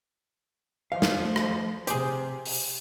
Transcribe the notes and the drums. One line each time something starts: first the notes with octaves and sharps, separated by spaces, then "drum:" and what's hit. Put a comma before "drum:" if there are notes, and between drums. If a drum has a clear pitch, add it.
F3 F5
drum: snare
A3
drum: rim click
C3 G4 G#4 C5, drum: hi-hat
drum: open hi-hat